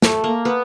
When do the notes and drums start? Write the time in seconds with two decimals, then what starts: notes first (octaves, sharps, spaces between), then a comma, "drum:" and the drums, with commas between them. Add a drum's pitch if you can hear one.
0.02 A3, drum: snare
0.24 A#3
0.45 B3